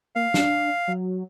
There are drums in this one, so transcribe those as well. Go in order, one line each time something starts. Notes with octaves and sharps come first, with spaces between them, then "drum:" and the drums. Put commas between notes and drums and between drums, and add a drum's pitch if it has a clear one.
A#3 F5
D4, drum: snare
F#3